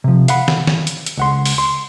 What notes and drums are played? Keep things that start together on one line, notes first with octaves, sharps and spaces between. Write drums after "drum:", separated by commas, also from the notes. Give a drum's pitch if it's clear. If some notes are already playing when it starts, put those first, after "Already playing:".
C3 F3
F5 F#5 B5, drum: hi-hat
drum: snare
drum: snare
drum: hi-hat
drum: hi-hat
C#2 F#5 C6
drum: open hi-hat
C6